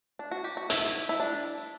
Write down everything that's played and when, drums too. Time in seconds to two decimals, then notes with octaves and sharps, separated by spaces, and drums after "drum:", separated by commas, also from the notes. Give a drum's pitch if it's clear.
0.19 D4
0.31 F#4
0.44 G4
0.57 F#4
0.70 E4, drum: hi-hat
1.09 E4
1.20 D4